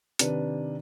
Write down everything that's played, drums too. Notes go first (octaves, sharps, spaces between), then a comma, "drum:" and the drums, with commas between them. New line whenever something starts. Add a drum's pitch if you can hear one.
C3 D#3 D4 B4, drum: hi-hat